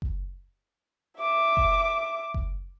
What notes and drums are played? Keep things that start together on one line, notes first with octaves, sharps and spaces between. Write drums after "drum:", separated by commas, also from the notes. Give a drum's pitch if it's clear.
drum: kick F#1
E5 D6
drum: kick F#1
drum: kick F#1